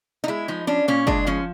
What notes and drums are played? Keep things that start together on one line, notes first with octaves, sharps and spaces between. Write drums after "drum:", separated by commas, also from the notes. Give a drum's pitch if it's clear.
D#4
G#3 E4
F3 D#4
C#4 D4
A#2 C#4
G#3 D4, drum: kick F#1
F3 C#4